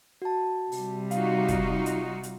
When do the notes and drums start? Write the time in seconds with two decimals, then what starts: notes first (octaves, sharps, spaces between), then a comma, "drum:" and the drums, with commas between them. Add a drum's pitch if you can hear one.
0.22 F#4 A5
0.72 C3 G3, drum: open hi-hat
1.11 D#4 F4 F#4 F5, drum: hi-hat
1.48 drum: kick, hi-hat
1.86 drum: hi-hat
2.23 drum: hi-hat